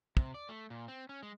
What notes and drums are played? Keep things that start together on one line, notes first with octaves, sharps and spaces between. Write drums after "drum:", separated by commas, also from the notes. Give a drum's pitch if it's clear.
C3, drum: kick
D5
A3
A#2
C4
C#4
G#3